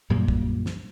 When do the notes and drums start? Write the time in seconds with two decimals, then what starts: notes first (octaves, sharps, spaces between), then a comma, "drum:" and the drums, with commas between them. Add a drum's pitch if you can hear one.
0.10 F#2 A#2 G3 A#3
0.28 drum: kick
0.66 drum: snare